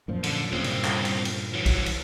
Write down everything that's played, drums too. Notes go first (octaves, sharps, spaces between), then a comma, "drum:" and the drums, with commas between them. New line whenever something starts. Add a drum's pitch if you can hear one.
F#2 A#2 F3
D3 D4, drum: cymbal
C2 G2 A#2 C#3 C4
drum: cymbal
drum: clap
drum: cymbal
drum: cymbal
E3 F#3
drum: kick, cymbal
drum: cymbal